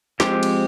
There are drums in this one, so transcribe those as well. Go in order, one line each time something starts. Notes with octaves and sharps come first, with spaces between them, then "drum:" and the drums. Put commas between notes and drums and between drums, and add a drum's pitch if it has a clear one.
F3 G#3 C4 G4, drum: snare
drum: cymbal